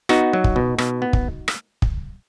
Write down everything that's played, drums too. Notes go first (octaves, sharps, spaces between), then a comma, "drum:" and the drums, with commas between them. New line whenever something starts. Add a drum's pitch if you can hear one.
B3 D#4 F#4, drum: rim click
F#3
drum: kick
B2
B2, drum: rim click
B3
drum: kick
drum: rim click
drum: kick